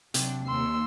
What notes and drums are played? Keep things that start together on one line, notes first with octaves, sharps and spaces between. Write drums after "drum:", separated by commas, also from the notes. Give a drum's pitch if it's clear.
C3 F#3 D4, drum: hi-hat
D#2 A#3 C6 E6